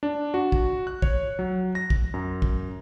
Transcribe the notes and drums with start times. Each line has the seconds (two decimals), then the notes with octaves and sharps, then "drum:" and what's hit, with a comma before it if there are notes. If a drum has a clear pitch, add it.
0.03 D4
0.34 F#4
0.52 drum: kick
0.87 F#6
1.02 C#5, drum: kick
1.39 F#3
1.75 A#6
1.90 drum: kick
2.14 F#2
2.42 drum: kick